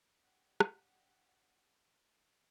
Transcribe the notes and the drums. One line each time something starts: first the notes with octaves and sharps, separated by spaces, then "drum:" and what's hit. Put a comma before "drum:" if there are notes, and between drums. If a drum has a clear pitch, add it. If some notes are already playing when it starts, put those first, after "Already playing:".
D4 G4 F#5
drum: rim click